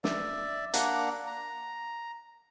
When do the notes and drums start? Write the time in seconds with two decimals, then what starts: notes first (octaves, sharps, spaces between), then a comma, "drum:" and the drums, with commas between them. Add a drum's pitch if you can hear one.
0.04 D5 E5, drum: snare
0.74 A#3 D4 F#5 A#5, drum: hi-hat
1.27 A#5